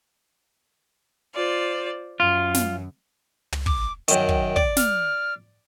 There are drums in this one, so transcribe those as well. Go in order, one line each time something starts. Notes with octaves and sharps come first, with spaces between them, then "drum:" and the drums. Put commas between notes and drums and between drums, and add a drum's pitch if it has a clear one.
F4 C5 D5
F#2 F4
drum: snare
drum: tom
D6, drum: kick
F#2 D#3 G5, drum: hi-hat
drum: kick
D5, drum: kick
F6, drum: snare